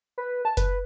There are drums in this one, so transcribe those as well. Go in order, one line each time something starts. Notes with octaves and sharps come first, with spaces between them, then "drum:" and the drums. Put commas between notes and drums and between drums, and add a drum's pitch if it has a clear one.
B4
A5
B4, drum: kick F#1, hi-hat